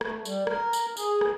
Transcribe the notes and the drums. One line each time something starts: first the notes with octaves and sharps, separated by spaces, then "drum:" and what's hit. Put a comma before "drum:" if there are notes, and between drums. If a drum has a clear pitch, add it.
A3, drum: rim click
G3, drum: tambourine
A#4, drum: rim click
drum: tambourine
G#4, drum: tambourine
drum: rim click